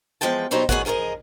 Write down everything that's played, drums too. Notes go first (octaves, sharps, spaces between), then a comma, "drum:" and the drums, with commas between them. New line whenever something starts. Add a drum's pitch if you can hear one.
E2 G2 F3 G#3 G5 A5
B2 F#3 G3 D#4 C5 C#5
D2 D#3 G#4 B4 C#5 F#5, drum: kick
F3 G#4 A#4 C#5 D#5